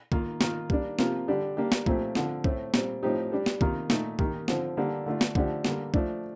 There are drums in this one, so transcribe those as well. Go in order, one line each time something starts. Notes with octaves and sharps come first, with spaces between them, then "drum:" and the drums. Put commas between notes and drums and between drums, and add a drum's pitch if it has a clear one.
D#3 A#3 F4, drum: kick C2
D#3 A#3 F4, drum: snare
G3 A#3 D4, drum: kick C2
C3 F3 A#3 F4, drum: snare
D3 G3 D4 G4
G3 A#3 D4 G4
drum: snare
A#2 F3 A3 C4 G4, drum: kick C2
D3 F3 C4, drum: snare
A2 A3 C4, drum: kick C2
A#2 G3 C4, drum: snare
A2 F3 C4 D#4 G4
G3 D4 G4
drum: snare
C3 D#3 A#3 F4, drum: kick C2
A#2 A3 D#4, drum: snare
D#3 A#3 D#4 G4, drum: kick C2
D3 F3 C4, drum: snare
D3 G3 A#3 D4 G4
D3 A3 D4 F4
drum: snare
D3 F3 A3 D4 G4, drum: kick C2
D3 G3 A#3, drum: snare
F3 A3 D4, drum: kick C2